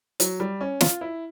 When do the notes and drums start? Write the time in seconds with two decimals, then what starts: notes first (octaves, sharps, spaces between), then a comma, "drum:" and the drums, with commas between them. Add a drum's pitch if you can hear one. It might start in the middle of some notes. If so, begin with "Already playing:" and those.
0.20 F#3, drum: hi-hat
0.40 G3
0.61 C#4
0.81 F4, drum: snare
1.01 E4